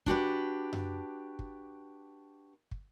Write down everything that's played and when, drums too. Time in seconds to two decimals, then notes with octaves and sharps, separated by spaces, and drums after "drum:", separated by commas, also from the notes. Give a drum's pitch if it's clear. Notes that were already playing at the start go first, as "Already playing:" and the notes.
0.06 D4 F#4 G4 B4, drum: kick
0.73 drum: tom F#2
1.39 drum: kick
2.71 drum: kick